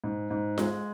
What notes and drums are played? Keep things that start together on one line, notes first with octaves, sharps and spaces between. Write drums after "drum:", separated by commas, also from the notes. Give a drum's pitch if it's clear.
G#2
G#2
G#3, drum: snare F4